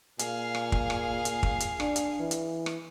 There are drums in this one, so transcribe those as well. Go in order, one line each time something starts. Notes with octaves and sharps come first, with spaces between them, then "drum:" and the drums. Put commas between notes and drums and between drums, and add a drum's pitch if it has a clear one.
A#2 G#4 F5, drum: hi-hat
drum: rim click
drum: kick
drum: rim click
drum: hi-hat
drum: kick
drum: hi-hat
D4, drum: rim click
drum: hi-hat
E3
drum: hi-hat
drum: rim click